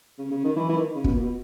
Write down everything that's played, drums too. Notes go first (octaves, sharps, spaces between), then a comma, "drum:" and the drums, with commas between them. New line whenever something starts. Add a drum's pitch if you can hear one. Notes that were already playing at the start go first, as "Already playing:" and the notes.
C#3
C#3
D#3
E3
E3
D#3
C#3
B2, drum: kick
A#2
B2